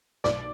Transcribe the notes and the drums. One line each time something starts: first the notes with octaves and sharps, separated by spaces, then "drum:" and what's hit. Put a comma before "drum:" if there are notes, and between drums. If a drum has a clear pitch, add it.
B1 D5, drum: snare